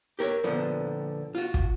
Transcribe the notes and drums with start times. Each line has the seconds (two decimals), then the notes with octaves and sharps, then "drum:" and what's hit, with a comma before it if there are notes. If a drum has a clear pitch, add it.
0.19 G4 A#4 C#5
0.44 A#2 D3 F3 B3
1.35 F4 F#4
1.54 drum: kick